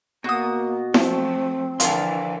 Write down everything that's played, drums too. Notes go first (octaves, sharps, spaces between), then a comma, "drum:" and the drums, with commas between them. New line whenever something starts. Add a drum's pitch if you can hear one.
B2 A#3 F#4 D#6
F3 F#3 A3 C4, drum: snare E4
D3 E3 F3 A#4 F5 A5 C6, drum: hi-hat